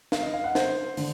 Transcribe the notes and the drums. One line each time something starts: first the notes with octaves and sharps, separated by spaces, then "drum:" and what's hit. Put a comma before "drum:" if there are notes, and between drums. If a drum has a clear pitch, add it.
F5, drum: snare
D#5
F5
F#5
C5, drum: snare
D3, drum: open hi-hat